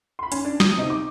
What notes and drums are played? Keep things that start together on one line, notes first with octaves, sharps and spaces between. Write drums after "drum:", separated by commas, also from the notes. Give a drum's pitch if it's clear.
B5 C6
C#4, drum: hi-hat
D4
D#6, drum: snare
C3 D#4
D6